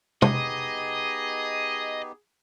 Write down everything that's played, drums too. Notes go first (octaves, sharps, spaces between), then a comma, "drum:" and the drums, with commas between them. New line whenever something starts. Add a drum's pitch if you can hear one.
B3 D#4 G4 G#4 D#5, drum: tom